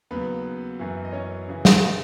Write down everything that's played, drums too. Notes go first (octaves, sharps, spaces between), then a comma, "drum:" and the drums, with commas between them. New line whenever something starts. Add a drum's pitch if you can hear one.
D#2 C#3 F#3 B3 B4
F#2 E3
D#5
C#4 C#5
C#3 E3
drum: snare